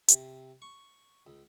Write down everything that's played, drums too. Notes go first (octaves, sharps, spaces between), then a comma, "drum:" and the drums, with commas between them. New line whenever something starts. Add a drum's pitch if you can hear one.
C3, drum: hi-hat
C#6
C#2